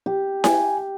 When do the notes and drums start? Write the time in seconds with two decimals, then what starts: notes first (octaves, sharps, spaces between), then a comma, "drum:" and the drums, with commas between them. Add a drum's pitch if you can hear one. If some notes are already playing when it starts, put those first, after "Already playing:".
0.06 G4
0.44 G#5, drum: snare E4